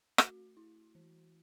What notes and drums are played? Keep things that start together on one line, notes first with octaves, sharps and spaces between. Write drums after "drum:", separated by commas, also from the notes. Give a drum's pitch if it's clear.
A3 F#4, drum: rim click
E4
E3